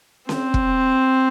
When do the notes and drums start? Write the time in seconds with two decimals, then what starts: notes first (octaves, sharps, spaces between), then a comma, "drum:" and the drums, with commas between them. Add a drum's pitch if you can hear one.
0.29 C4, drum: snare C#4
0.54 drum: kick